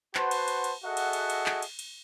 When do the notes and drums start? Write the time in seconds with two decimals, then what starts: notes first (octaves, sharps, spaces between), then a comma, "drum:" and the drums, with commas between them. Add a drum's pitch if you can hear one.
0.15 F#4 B4 C5 F#5 A5 C6, drum: clap
0.31 drum: cymbal
0.48 drum: cymbal
0.64 drum: cymbal
0.84 F#4 G#4 A4 D#5 E5 F#5
0.97 drum: cymbal
1.13 drum: cymbal
1.30 drum: cymbal
1.46 drum: clap
1.62 drum: cymbal
1.79 drum: cymbal